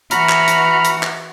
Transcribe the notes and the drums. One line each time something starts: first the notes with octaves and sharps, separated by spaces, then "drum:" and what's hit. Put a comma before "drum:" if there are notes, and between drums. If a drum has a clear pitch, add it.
E3 F#4 A#5 B5 F6, drum: hi-hat
drum: clap
drum: hi-hat
drum: hi-hat
drum: clap